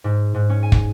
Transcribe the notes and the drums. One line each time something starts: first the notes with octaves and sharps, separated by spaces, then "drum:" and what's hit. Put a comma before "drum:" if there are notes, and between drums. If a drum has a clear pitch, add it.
G#2
G#2
C#4
G#5
drum: kick